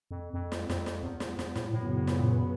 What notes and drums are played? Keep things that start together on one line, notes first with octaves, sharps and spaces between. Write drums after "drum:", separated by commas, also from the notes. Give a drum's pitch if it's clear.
F2
F2
drum: snare
F2, drum: snare
drum: snare
E2
E2, drum: snare
E2, drum: snare
A2, drum: snare
F#2 A2 C#3 F#3 B3
A2
drum: snare
A#2